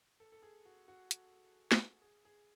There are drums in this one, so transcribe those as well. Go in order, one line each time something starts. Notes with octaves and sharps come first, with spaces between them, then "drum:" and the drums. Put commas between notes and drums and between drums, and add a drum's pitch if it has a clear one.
A4
A4
G#4
F#4
F#4
drum: hi-hat
drum: snare
G#4
G#4